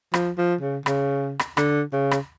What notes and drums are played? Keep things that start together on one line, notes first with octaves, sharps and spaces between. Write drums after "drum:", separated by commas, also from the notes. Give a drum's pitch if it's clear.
F3, drum: rim click
F3
C#3
C#3, drum: rim click
drum: rim click
D3, drum: rim click
C#3
drum: rim click